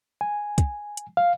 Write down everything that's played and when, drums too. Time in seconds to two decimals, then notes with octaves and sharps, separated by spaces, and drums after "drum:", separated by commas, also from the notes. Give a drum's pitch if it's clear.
0.21 G#5
0.58 drum: kick, hi-hat
0.97 drum: hi-hat
1.17 F5